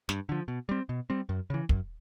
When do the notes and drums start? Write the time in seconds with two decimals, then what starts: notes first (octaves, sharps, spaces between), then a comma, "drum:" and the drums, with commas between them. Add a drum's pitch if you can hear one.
0.09 G2, drum: snare
0.29 D3 F3
0.48 B2
0.69 G3 C4
0.89 B2
1.10 G3 C4
1.29 F#2
1.50 C#3 E3
1.69 F#2, drum: kick